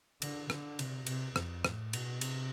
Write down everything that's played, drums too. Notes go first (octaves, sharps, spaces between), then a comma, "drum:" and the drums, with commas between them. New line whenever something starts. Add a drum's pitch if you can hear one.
D3, drum: cymbal
D3, drum: rim click
C3, drum: cymbal
C3, drum: cymbal
F2, drum: rim click
A2, drum: rim click
B2, drum: cymbal
C3, drum: cymbal